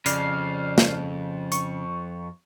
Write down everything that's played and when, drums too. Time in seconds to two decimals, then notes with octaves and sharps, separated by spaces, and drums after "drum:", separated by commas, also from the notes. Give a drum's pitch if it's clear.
0.06 F2 C#3 D5 F6 C7, drum: hi-hat
0.78 drum: snare
1.52 C#6, drum: hi-hat